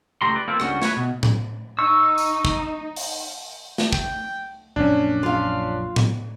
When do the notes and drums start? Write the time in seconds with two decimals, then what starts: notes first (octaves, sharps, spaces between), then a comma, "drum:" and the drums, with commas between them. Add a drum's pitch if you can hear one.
0.22 C#2 A3 G4 A#5 C6
0.35 B4 D5
0.48 A#3 C4 E4 F4 A4
0.60 C#2 G2 G3 C#4 F#4, drum: rim click
0.82 B4 C#5, drum: snare
0.97 B2
1.23 drum: tom A2
1.79 D#4 C#6 E6
2.18 drum: tambourine
2.45 drum: kick
2.96 drum: open hi-hat
3.78 drum: snare
3.93 G5, drum: kick
4.76 A#1 F#2 A#3 C#4 D4
5.23 F4 F5
5.96 drum: tom A2